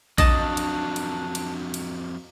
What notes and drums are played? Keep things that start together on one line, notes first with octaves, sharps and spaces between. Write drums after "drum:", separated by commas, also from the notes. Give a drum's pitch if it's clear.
F2 F#3 D4 D#5 A5, drum: kick A#1, cymbal
drum: cymbal
drum: cymbal
drum: cymbal
drum: cymbal